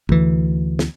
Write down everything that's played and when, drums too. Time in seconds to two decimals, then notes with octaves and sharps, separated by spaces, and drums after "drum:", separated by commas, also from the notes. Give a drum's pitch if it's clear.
0.09 D2 E3, drum: kick
0.79 drum: snare